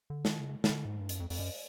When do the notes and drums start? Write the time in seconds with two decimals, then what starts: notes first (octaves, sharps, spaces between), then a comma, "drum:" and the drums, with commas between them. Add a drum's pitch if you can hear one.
0.10 D3
0.25 D#3, drum: snare
0.40 C#3
0.64 D#3, drum: snare
0.70 D3
0.85 G#2
1.00 G2
1.09 F#2, drum: hi-hat
1.20 F2
1.30 F2, drum: open hi-hat
1.39 F#2